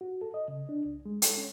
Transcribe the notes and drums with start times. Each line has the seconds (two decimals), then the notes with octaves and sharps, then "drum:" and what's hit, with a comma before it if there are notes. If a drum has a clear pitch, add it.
0.01 F#4
0.21 A4
0.34 D#5
0.48 C#3
0.69 D4
0.86 C#2
1.06 G#3
1.22 A4, drum: hi-hat
1.38 C#4